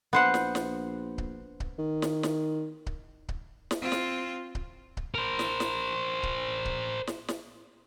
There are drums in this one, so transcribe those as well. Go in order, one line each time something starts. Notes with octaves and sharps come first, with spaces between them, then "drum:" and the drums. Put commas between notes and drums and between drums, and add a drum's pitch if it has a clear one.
A#1 B3 C5 F#5
drum: snare
drum: snare
drum: kick C#1
drum: kick C#1
D#3
drum: snare
drum: snare
drum: kick C#1
drum: kick C#1
drum: snare
C4 F4
drum: snare
drum: kick C#1
drum: kick C#1
A#4 C5
drum: snare
drum: snare
drum: kick C#1
drum: kick C#1
drum: snare
drum: snare